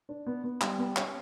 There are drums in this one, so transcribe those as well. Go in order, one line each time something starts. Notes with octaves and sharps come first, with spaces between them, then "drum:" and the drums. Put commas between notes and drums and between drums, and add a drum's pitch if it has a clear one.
D4
B3
B3
G3, drum: clap
B3
C#4, drum: clap